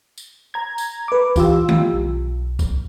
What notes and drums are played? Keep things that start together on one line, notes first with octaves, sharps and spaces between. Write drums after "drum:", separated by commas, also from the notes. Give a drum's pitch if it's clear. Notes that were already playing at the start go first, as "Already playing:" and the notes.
drum: tambourine
A#5 G#6
drum: tambourine
B4 D6
E3 F4 G4 E6, drum: kick, tambourine
drum: tom D#3
B1
drum: kick, tambourine